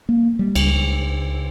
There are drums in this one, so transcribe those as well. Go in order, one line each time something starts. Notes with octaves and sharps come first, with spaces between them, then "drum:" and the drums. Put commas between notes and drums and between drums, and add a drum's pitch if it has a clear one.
A#3
G3
C#2, drum: cymbal